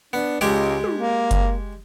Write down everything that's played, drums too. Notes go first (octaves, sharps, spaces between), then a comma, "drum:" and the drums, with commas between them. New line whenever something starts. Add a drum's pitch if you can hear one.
B3 D4
C#2 G#3 G4 D5
drum: tom
A#3
drum: kick F#1, hi-hat